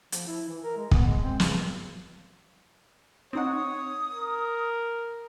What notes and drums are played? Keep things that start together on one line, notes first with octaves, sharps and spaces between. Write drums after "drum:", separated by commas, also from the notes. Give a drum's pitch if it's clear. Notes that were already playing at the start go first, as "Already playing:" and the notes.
F3, drum: hi-hat
E4
E3
A#4
G#3
B3, drum: kick
G#3
C4
C#3, drum: snare
C4 D#4 C#5 F#5 D#6
A#4